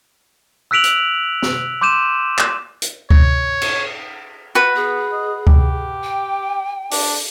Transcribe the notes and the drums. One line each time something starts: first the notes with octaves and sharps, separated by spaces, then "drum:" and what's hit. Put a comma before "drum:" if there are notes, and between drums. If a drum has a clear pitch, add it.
E6 F#6 B6 D7 F7 F#7
drum: hi-hat
drum: snare
C6 D6 G6 D#7 E7
drum: clap
drum: hi-hat
C#5, drum: kick C#2
drum: cymbal
F#4 B4
B3 G#4
D#5
G4, drum: kick C#2
G5
D4, drum: open hi-hat